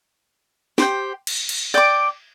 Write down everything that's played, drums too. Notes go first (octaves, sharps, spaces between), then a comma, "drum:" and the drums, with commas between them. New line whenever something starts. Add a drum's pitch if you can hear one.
G4 C5 G5, drum: snare
drum: cymbal
drum: cymbal
D5 G5 D6